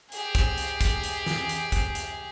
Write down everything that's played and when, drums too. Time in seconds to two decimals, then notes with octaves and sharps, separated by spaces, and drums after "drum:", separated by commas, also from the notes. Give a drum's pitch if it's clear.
0.12 G4 G#4, drum: hi-hat
0.35 drum: kick, hi-hat
0.58 drum: hi-hat
0.81 drum: kick, hi-hat
1.04 drum: hi-hat
1.26 drum: snare
1.49 drum: hi-hat
1.72 drum: kick, hi-hat
1.95 drum: hi-hat